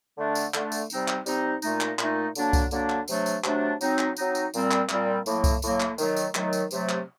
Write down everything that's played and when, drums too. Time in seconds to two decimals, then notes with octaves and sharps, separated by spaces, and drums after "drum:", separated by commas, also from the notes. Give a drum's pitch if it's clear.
0.17 D3 A3 D4
0.35 drum: tambourine
0.54 D3 A3 D4, drum: clap
0.72 drum: tambourine
0.90 C3 G3 C4 D#4, drum: tambourine
1.08 drum: clap
1.26 C3 G3 C4 D#4, drum: tambourine
1.62 A#2 A3 D#4, drum: tambourine
1.81 drum: clap
1.99 A#2 A3 D#4, drum: clap
2.35 D3 F#3 A#3 D4, drum: tambourine
2.53 drum: kick C2, tambourine
2.71 D3 F#3 A#3 D4, drum: tambourine
2.90 drum: clap
3.08 C3 F#3 A3 D4, drum: tambourine
3.26 drum: tambourine
3.44 C3 F#3 A3 D4, drum: clap
3.81 F#3 C4 D#4, drum: tambourine
3.99 drum: clap
4.17 F#3 C4 D#4, drum: tambourine
4.35 drum: tambourine
4.54 A#2 G3 C4, drum: tambourine
4.71 drum: clap
4.89 A#2 G3 C4, drum: clap
5.26 A2 F#3 A#3, drum: tambourine
5.44 drum: kick C2, tambourine
5.62 A2 F#3 A#3, drum: tambourine
5.80 drum: clap
5.98 D#3 F#3 A3, drum: tambourine
6.16 drum: tambourine
6.35 D#3 F#3 A3, drum: clap
6.53 drum: tambourine
6.71 C3 F#3 A3, drum: tambourine
6.89 drum: clap